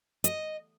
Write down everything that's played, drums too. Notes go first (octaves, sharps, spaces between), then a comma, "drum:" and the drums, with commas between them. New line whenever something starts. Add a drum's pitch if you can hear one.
D#5, drum: hi-hat